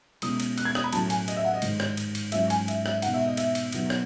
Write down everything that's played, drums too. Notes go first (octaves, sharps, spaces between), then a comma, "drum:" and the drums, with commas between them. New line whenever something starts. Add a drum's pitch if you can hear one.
B2 G#3 C#4 E4 D#6, drum: cymbal
drum: cymbal
F#6, drum: cymbal
G#6
D#6, drum: rim click
B5
A2 F#3 C#4 E4 A5, drum: cymbal
G#5, drum: cymbal
D#5, drum: cymbal
E5
F#5
D#5
G#2 D#3 G#3, drum: cymbal
drum: rim click
drum: cymbal
drum: cymbal
G#2 F#3 C#4 E4 E5, drum: cymbal
G#5, drum: cymbal
E5, drum: cymbal
E5, drum: rim click
B2 G#3 D#4 F#5, drum: cymbal
E5
D#5
E5, drum: cymbal
drum: cymbal
B2 F#3 B3 D#4, drum: cymbal
drum: rim click